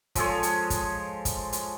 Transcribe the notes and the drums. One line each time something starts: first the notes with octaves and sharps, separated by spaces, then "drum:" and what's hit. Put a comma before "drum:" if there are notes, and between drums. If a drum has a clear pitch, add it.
F3 G#3 A4 C#5, drum: kick, hi-hat
drum: hi-hat
drum: kick, hi-hat
drum: kick, hi-hat
drum: hi-hat